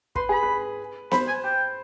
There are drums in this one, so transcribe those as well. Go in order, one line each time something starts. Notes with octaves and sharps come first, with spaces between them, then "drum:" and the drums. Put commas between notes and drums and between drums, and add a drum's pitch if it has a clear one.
B4 C6, drum: kick
G#4 B5
B4
C5 B5, drum: snare B3
G#5
G5